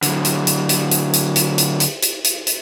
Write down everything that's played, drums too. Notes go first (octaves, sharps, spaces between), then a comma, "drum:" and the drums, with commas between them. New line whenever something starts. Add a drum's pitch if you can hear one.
D3 F#3, drum: hi-hat
drum: hi-hat
drum: hi-hat
drum: hi-hat
drum: hi-hat
drum: hi-hat
drum: hi-hat
drum: hi-hat
drum: hi-hat
drum: hi-hat
drum: hi-hat
drum: hi-hat